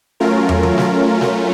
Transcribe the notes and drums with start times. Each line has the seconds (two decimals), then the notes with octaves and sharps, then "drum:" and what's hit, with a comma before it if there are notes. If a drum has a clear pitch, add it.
0.20 F#3 A3 C#4 F4 A#4
0.49 drum: tom
0.63 drum: tom D#3
0.78 drum: snare
1.21 drum: snare